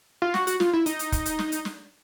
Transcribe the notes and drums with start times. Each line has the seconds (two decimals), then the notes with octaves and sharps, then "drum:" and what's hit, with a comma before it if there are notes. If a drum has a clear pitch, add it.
0.22 F4
0.34 F#4, drum: snare
0.47 F#4, drum: hi-hat
0.60 F4, drum: snare
0.73 E4
0.86 D#4, drum: hi-hat
0.99 drum: hi-hat
1.12 drum: kick, hi-hat
1.26 drum: hi-hat
1.39 drum: snare
1.52 drum: hi-hat
1.65 drum: snare